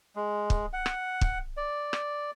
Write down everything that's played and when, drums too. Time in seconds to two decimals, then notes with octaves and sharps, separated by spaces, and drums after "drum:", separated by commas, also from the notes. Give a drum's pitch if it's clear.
0.16 G#3
0.50 drum: kick
0.73 F#5
0.86 drum: rim click
1.21 drum: kick
1.57 D5
1.93 drum: rim click